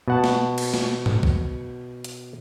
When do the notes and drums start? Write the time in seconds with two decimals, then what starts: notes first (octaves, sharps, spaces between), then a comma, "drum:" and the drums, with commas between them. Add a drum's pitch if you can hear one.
0.08 B2 F#5 A5
0.24 drum: snare
0.58 drum: cymbal
0.74 drum: snare
1.06 drum: tom G#2
1.23 drum: kick B1
2.04 drum: hi-hat